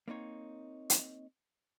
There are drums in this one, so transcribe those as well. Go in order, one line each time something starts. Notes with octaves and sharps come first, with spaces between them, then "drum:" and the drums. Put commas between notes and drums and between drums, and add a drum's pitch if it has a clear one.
A#3 C4 D#4 C#5
drum: hi-hat